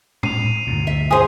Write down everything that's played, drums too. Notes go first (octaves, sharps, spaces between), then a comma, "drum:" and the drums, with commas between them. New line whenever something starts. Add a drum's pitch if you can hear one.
C7 D#7 F7, drum: tom A2
D2 G2 A#2
E5
C#4 G#4 C5 D#6